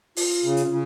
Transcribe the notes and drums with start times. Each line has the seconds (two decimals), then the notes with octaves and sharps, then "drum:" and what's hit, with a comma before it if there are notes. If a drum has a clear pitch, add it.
0.16 F4, drum: open hi-hat
0.44 C#3
0.57 drum: hi-hat
0.70 C#3